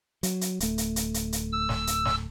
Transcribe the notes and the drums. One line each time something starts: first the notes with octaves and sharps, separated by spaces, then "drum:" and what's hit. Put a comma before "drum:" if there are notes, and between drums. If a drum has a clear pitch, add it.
F#3, drum: hi-hat
drum: hi-hat
D1 A3, drum: hi-hat
drum: hi-hat
drum: hi-hat
drum: hi-hat
drum: hi-hat
E6
drum: snare
drum: hi-hat
drum: snare